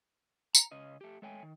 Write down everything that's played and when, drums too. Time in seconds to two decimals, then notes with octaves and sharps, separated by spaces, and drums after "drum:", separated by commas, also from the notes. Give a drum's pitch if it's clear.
0.55 A#5, drum: tambourine
0.72 C#3 C#4 D#5
1.01 A3 G4
1.22 G#3 A3 C#5 G5 G#5
1.43 D#3